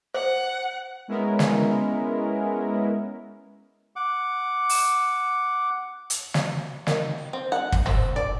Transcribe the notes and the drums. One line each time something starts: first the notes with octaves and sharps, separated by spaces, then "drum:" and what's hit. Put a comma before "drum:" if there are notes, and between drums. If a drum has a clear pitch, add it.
C5 F#5
G#3 B3 C#4 E4 A#4
drum: snare
F#5 D6
drum: open hi-hat
drum: hi-hat
drum: snare
D#3, drum: snare
C4
F#5
drum: kick
C4, drum: tom F#1
D5